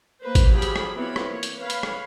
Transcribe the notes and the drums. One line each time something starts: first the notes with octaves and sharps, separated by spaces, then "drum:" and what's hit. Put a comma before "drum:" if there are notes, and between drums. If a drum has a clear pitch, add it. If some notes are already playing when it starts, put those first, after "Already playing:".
A#3 B4 C5
drum: kick G#1, hi-hat
F3 F#3 G4 G#4 B5
drum: hi-hat
drum: rim click
E3 B3 C4 F4 C#5 B5
drum: rim click
A#3 C#5
drum: hi-hat
B4 C#5 F5 B5
drum: hi-hat
drum: rim click